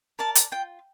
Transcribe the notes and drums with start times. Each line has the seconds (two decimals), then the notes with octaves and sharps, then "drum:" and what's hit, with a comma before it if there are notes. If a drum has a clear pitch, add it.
0.19 A#4 D5 A5
0.35 drum: hi-hat
0.52 F4 G5